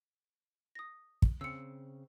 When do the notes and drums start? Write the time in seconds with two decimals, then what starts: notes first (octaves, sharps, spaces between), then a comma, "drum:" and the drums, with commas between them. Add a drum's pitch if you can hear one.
0.75 D#6 A#6
1.22 drum: kick
1.41 C#3 C4 E6 C#7